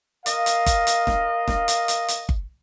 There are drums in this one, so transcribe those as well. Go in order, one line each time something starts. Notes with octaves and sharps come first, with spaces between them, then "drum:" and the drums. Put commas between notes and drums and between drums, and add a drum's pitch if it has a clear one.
A#4 D#5 F5, drum: hi-hat
drum: hi-hat
drum: kick G1, hi-hat
drum: hi-hat
drum: snare E1
drum: snare E1
drum: hi-hat
drum: hi-hat
drum: hi-hat
drum: kick G1